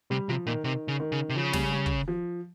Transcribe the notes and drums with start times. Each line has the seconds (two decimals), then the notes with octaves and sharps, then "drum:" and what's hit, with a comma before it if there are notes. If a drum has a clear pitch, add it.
0.10 C3 G3
0.29 C3 F3
0.47 A#2 D#3
0.64 C3 D#3
0.88 C#3
1.00 D#3
1.12 C#3
1.29 C3
1.36 C#3 F3
1.53 G3, drum: snare
1.72 G3
1.86 drum: kick
2.08 F3